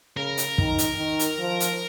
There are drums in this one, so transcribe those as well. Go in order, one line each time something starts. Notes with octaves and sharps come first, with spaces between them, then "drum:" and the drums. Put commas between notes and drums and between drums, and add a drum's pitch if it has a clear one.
C#3 A#4
drum: hi-hat
D#3, drum: kick
drum: hi-hat
D#3
drum: hi-hat
F3
drum: hi-hat